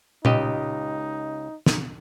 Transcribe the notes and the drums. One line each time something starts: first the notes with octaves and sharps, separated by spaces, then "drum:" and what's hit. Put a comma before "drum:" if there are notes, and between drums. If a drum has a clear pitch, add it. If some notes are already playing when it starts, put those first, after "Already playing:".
C#2 D#4 G4 D#5, drum: tom A#2
drum: snare